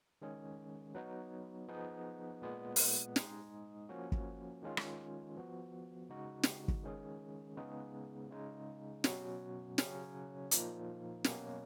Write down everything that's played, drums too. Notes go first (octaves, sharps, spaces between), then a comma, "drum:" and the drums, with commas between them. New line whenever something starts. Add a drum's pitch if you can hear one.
D#3 G#3 C#4 G#4
F#3 B3 D#4 F#4
F3 B3 D#4 G#4
A#2 G#3 B3
drum: open hi-hat
G#3 D#4 G#4, drum: snare
F3 A#3 C#4 F#4
drum: kick
D#3 G#3 C#4 F4
drum: rim click
F3 B3 F#4
C#3 G#3 D#4 F#4
drum: snare
drum: kick
D#3 G#3 C#4 G#4
C#3 G#3 B3 D#4 G#4
C#3 G#3 D#4
B2 F#3 C#4 F#4, drum: snare
C#3 F#3 C#4, drum: snare
A#2 F3 A#3 D#4, drum: hi-hat
B2 F#3 A#3 C#4, drum: snare